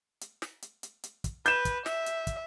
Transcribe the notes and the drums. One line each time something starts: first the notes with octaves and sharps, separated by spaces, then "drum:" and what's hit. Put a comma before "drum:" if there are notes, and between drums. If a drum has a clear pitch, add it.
drum: hi-hat
drum: snare
drum: hi-hat
drum: hi-hat
drum: hi-hat
drum: kick, hi-hat
B4 G6 E7, drum: hi-hat
drum: kick, hi-hat
E5, drum: snare
drum: hi-hat
drum: kick, hi-hat